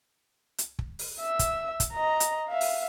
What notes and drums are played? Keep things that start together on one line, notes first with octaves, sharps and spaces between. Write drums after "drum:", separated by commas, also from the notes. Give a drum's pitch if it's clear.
drum: hi-hat
drum: kick
drum: open hi-hat
E5 E6
drum: kick, hi-hat
drum: kick, hi-hat
D#5 A#5
drum: hi-hat
E5 F5
drum: open hi-hat